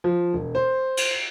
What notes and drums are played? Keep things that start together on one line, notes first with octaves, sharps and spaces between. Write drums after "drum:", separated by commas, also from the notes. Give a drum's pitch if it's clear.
F3
E1
C5
drum: cymbal